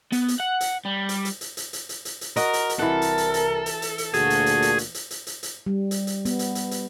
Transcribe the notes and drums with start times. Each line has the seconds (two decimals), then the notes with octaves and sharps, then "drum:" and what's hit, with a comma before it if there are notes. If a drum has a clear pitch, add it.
0.12 B3, drum: hi-hat
0.28 drum: hi-hat
0.40 F#5
0.61 drum: hi-hat
0.85 G3
1.09 drum: hi-hat
1.25 drum: hi-hat
1.41 drum: hi-hat
1.57 drum: hi-hat
1.73 drum: hi-hat
1.89 drum: hi-hat
2.05 drum: hi-hat
2.21 drum: hi-hat
2.36 F#4 A#4 D#5, drum: hi-hat
2.53 drum: hi-hat
2.69 drum: hi-hat
2.79 C2 E3 A4 A#4 F#5
3.02 drum: hi-hat
3.18 drum: hi-hat
3.34 drum: hi-hat
3.66 drum: hi-hat
3.82 drum: hi-hat
3.98 drum: hi-hat
4.14 D2 A#2 F#4 G#4, drum: hi-hat
4.30 drum: hi-hat
4.46 drum: hi-hat
4.62 drum: hi-hat
4.78 drum: hi-hat
4.94 drum: hi-hat
5.11 drum: hi-hat
5.27 drum: hi-hat
5.43 drum: hi-hat
5.66 G3
5.91 drum: hi-hat
6.07 drum: hi-hat
6.25 B3, drum: hi-hat
6.39 drum: hi-hat
6.55 drum: hi-hat
6.71 drum: hi-hat